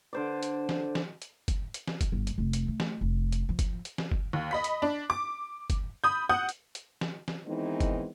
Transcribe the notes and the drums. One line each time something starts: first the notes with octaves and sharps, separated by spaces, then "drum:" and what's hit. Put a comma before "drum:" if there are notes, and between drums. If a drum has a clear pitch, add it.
D3 C5 D5
drum: hi-hat
drum: snare
drum: snare
drum: hi-hat
drum: kick F#1, hi-hat
drum: hi-hat
drum: snare
drum: kick F#1, hi-hat
G1
drum: hi-hat
F1
drum: hi-hat
A3
drum: snare
F1
drum: hi-hat
F3
drum: kick F#1, hi-hat
drum: hi-hat
drum: snare
drum: kick F#1
D#2
D#5 B5 B6
drum: hi-hat
D4
D6
drum: kick F#1, hi-hat
B5 D#6 G6
F#5 D#6 G6
drum: hi-hat
drum: hi-hat
drum: snare
drum: snare
D#3 E3 G#3 B3 C4 D#4
drum: kick F#1, hi-hat